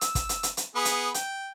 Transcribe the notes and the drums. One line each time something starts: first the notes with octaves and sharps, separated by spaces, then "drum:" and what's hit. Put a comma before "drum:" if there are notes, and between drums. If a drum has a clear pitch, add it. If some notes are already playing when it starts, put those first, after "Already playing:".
E6, drum: hi-hat
drum: kick, hi-hat
drum: hi-hat
drum: hi-hat
drum: hi-hat
B3 G#4 B5
drum: hi-hat
G5, drum: hi-hat